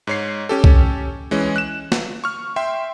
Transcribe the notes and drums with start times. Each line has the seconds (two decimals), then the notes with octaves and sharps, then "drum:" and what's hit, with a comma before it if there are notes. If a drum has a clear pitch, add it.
0.07 G#2 C#5 C7
0.49 C#4 G4 A4
0.64 drum: kick
1.31 E3 G#3 C#4
1.56 F#6 E7
1.92 drum: snare
2.24 C#6 F6
2.56 E5 G5 C6